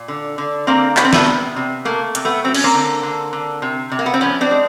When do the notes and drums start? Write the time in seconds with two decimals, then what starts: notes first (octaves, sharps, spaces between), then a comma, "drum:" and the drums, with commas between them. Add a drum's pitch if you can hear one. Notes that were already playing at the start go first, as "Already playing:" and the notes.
Already playing: A#2
0.08 D3
0.38 D3
0.67 D3 A#3 C4
0.97 G3 B3, drum: clap
1.05 C4
1.13 A3 B3, drum: snare
1.26 C3
1.56 C3
1.85 A3 A#3
2.15 C3, drum: hi-hat
2.25 A3 B3
2.44 F#3 C4
2.54 C#4, drum: cymbal
2.64 A#3 C4
2.74 D3
3.03 D3
3.33 D3
3.62 C3
3.92 C3
3.99 A#3
4.06 B3
4.14 C4
4.21 F3 B3 C#4
4.41 C4 D4
4.51 G#3